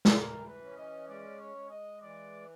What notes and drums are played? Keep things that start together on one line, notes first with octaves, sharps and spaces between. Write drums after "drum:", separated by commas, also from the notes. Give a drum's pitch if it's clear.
drum: snare
E3 A#4
B4
C#4
D#5
G#3 D5
C#5
G#3
D#5
E3 D5